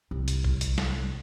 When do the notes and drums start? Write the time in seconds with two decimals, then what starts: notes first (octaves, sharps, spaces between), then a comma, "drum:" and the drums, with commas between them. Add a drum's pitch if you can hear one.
0.11 C2
0.28 drum: hi-hat
0.44 drum: kick A#1
0.61 drum: hi-hat
0.78 drum: snare